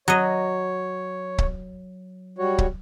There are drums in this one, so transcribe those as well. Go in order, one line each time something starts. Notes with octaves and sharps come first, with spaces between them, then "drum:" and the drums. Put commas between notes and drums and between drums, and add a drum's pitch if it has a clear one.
F#3 C#5 D#5
drum: kick C#1
G3 F#4 C#5
drum: kick C#1